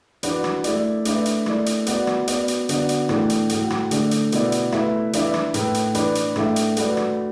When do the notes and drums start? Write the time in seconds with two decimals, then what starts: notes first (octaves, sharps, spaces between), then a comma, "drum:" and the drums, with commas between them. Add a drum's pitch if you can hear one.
0.23 E3 D4 F#4 B4, drum: hi-hat
0.44 drum: rim click
0.64 A3 E4 D5, drum: hi-hat
1.05 A3 D4 B4 E5, drum: hi-hat
1.26 drum: hi-hat
1.46 A3 E4 D5, drum: rim click
1.66 drum: hi-hat
1.86 B3 F#4 D5, drum: hi-hat
2.07 drum: rim click
2.28 B3 F#4 D5, drum: hi-hat
2.48 drum: hi-hat
2.69 D3 B3 F#4 D5, drum: hi-hat
2.89 drum: hi-hat
3.09 A2 E3 A3 D4, drum: rim click
3.30 drum: hi-hat
3.49 A2 A3 F#4, drum: hi-hat
3.70 drum: rim click
3.91 D3 A3 D4, drum: hi-hat
4.11 drum: hi-hat
4.32 B2 B3 E4 D5, drum: hi-hat
4.52 drum: hi-hat
4.72 A3 E4 B4 E5, drum: rim click
5.13 E3 D4 B4 E5, drum: hi-hat
5.34 drum: rim click
5.54 A2 A3 E4 B4, drum: hi-hat
5.74 drum: hi-hat
5.95 E3 D4 B4 D5, drum: hi-hat
6.15 drum: hi-hat
6.36 A2 A3 D4 A4 E5, drum: rim click
6.56 drum: hi-hat
6.77 A3 F#4 B4 D5, drum: hi-hat
6.97 drum: rim click